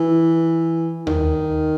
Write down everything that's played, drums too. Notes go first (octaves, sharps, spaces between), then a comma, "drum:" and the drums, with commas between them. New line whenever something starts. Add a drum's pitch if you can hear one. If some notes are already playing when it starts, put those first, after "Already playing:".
Already playing: E3
D#3, drum: tom D#2